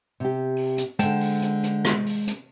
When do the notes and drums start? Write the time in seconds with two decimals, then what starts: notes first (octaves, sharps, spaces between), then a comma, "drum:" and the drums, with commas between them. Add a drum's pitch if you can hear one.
0.20 C3 G4
0.57 drum: open hi-hat
0.78 drum: hi-hat
0.99 D3 G#3 C5 G5 A5, drum: hi-hat
1.21 drum: open hi-hat
1.42 drum: hi-hat
1.63 drum: hi-hat
1.85 drum: rim click
2.06 drum: open hi-hat
2.27 drum: hi-hat